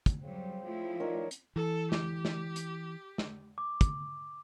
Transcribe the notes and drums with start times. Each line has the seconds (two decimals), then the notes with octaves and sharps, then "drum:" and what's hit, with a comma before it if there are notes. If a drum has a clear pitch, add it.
0.06 drum: kick, hi-hat
0.22 C#3 F#3 G3 C4
0.65 F3 A3 E4 F4
1.00 E2 C3 D#3 D4 A#4 C#5
1.31 drum: hi-hat
1.56 E3 A4
1.92 G4, drum: snare
2.25 drum: snare
2.56 drum: hi-hat
3.18 drum: snare
3.58 D6
3.81 drum: kick, hi-hat